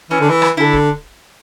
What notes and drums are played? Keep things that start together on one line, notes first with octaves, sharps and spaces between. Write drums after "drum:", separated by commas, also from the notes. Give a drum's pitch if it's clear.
E3 C#4
D3
E3
drum: rim click
D3 E4 A4
drum: kick D1